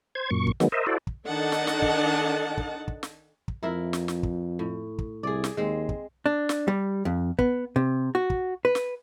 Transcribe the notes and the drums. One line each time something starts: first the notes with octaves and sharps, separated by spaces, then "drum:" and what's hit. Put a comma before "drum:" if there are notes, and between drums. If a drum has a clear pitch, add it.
C5 G#6
F#2 A#2 C#6
drum: kick
D#3 F#3 G#3 B3, drum: snare
A#4 C5 D#5 E5
E4 F#4 A4 C5 D5
drum: kick
D#3 D4 A4 D#5 F#5 A5
drum: snare
drum: snare
drum: kick
drum: kick
drum: kick
drum: snare
drum: kick
F2 E4 A#4 E5
drum: snare
drum: snare
drum: kick
A2
drum: kick
C2 G#4 D5
drum: snare
D#2 G#3 C4
drum: kick
D4
drum: snare
G3
F2
B3, drum: kick
C3
F#4
drum: kick
B4
drum: snare